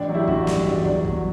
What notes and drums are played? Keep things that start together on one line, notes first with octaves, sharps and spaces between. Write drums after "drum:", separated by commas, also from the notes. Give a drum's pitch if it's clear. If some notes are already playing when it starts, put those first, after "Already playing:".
Already playing: A1 D4
F#3
E4 G4
F#3 D4 F#4, drum: kick
G2, drum: snare
E2 D4
F#3 D4, drum: kick
F#3, drum: kick